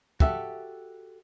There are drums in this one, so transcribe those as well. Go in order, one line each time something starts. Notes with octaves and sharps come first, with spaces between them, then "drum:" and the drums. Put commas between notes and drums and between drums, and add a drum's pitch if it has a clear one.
F#4 G4 A4 E5, drum: kick